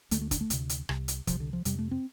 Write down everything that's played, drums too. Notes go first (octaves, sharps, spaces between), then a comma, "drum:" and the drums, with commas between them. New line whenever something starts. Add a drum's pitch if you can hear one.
D2 D3 A3, drum: hi-hat
A3
D4, drum: kick, hi-hat
A3
D2 C3, drum: hi-hat
drum: hi-hat
C2 C3, drum: rim click
drum: hi-hat
C2 C3 F3, drum: kick, hi-hat
D3
F3
F2 C3 G3, drum: hi-hat
A3
C4